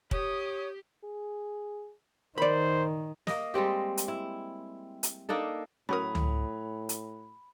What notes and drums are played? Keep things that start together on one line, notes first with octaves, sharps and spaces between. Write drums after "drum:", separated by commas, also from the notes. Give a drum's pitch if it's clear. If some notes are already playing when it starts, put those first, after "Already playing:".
G4 C#5 D#6, drum: kick
G#4
D#3 A#4 C5 D5 B5
A#3 D#5, drum: snare
G3 G#3 C4 G4
drum: hi-hat
E4
drum: hi-hat
A#3 D4 D#4 A4
A2 F#3 C#4 F#4 A#4 B5 D#6
drum: tom C#2
drum: hi-hat